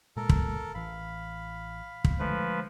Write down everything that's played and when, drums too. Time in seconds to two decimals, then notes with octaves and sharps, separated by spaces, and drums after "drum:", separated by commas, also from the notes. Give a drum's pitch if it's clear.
0.16 A#2 G#3 A4 A#4
0.29 drum: kick
0.74 A1 E3 F5 B5
2.04 drum: kick
2.20 D3 F3 G#3 A3 B4